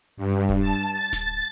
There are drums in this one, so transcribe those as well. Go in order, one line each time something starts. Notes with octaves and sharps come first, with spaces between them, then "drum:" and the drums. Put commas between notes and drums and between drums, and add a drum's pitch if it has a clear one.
G2
drum: kick D#1
A5
A6
drum: snare D1